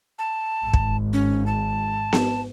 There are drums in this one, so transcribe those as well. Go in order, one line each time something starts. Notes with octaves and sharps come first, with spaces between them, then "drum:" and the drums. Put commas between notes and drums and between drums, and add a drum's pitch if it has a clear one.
A5
G#1
drum: kick
C#4
A5
drum: snare B3